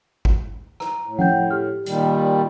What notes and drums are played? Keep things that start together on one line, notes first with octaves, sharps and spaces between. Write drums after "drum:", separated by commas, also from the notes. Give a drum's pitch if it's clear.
drum: kick
A#5, drum: rim click
A2
F#5 G5 G6, drum: tom F3
G4 F6
A#2 D#3 G3, drum: hi-hat